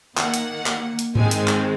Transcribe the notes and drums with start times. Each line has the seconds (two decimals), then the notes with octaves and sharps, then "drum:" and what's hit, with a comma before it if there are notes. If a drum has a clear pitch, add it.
0.17 D#3 A#3 F#5, drum: clap
0.34 drum: hi-hat
0.66 drum: clap
0.99 drum: hi-hat
1.15 D#3 G#3 C4 G#5, drum: tom G#2
1.31 drum: hi-hat
1.48 drum: clap